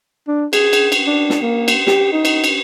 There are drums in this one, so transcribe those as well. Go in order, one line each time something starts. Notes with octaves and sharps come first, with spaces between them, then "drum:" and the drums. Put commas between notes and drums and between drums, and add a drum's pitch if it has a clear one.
D4
G#4, drum: cymbal
drum: cymbal
drum: cymbal
D4
drum: snare
A#3
drum: cymbal
G4, drum: snare
D#4
drum: cymbal
drum: cymbal